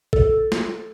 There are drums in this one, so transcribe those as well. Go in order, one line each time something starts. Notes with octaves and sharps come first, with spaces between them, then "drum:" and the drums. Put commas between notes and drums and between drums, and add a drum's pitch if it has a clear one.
A4, drum: kick
drum: snare